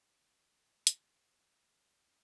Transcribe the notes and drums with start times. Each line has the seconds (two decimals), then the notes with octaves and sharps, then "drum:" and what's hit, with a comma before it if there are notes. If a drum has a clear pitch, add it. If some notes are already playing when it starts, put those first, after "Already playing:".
0.18 F#5
0.35 C#6
0.53 A4
0.70 C#6
0.87 D#6, drum: hi-hat
1.13 C#5
1.28 C#5
1.47 C5
1.64 C#5
1.77 F#4
1.94 D#4
2.08 C5